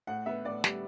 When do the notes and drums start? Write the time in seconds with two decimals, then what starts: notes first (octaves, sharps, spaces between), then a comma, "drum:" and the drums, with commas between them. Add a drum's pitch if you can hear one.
0.07 A2 F#5
0.26 B3 E5
0.45 A2 D5
0.64 G3, drum: snare